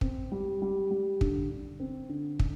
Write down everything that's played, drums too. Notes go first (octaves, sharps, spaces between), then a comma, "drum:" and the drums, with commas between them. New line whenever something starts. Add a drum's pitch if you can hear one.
C4, drum: kick
G3
G3
G3
D3, drum: kick
D3
C4
D3
D3, drum: kick